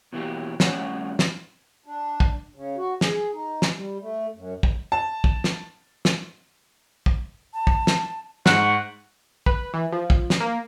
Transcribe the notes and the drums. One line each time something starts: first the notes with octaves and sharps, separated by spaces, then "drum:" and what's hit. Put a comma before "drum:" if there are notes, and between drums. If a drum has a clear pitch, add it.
B2 E3 A#3 G4
G2 A3 C#4 C#5 D5 F#5, drum: snare
drum: snare
D4
drum: kick
C#3
F#4
G#4, drum: snare
D#4
drum: snare
G3
A3
F#2
drum: kick
A5
drum: kick
drum: snare
drum: snare
drum: kick
A5
drum: kick
drum: snare
G#2 F#5 C#6, drum: snare
B4, drum: kick
E3
F3
drum: kick
drum: snare
A#3